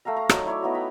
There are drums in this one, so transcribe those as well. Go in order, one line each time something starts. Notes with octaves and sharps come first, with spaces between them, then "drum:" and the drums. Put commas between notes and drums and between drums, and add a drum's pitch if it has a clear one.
A3 F5 G5 A#5
A#5
F#3 A3 D#4, drum: rim click
E4 C#5 D5
B3 D#4 E4 F#4
G5 A#5 B5